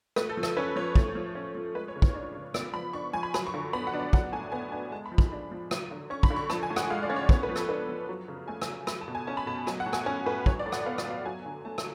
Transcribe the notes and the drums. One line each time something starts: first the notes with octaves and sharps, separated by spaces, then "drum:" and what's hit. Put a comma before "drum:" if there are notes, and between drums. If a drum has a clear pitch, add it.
A3 B4, drum: rim click
A4
F3
A4, drum: rim click
C#4 B4
F3 C#5
A3, drum: kick
F3
C#4
F3
G#3 B4
C#5
C#3
C#5, drum: kick
D4
C#3
B3 D5, drum: rim click
F3 B5
D4 C#6
F3 G#5
B5
F#3 B5, drum: rim click
C#6
D3
B3 B5
F#5
D4
D5
F#3 F#5, drum: kick
A2 G#5
B3 G#5
D4 G#5
G#3 A5
B5
F3
B5, drum: kick
D4
F3
F#3, drum: rim click
D3
C#4 C#6
B5, drum: kick
D3
C#6
F3 A5, drum: rim click
G#5
A2
F#5, drum: rim click
G#3 F5
D5
C#4
C#5
B3 C#5, drum: kick
B4
F3
A4, drum: rim click
D4 B4
F3
F#3
C#3
A3 G#5
G#5, drum: rim click
C#3
F#3 B5, drum: rim click
A5
B2
G#5
C#4 A5
B5
B2 A5
F#3 G#5, drum: rim click
F#5
A2
G#5, drum: rim click
C#4 G#5
A2 B4
F#3 C#5, drum: kick
D5
A2
F#5, drum: rim click
B3 F5
D5, drum: rim click
A2 F5
F#3 G#5
D3
A3 A5
drum: rim click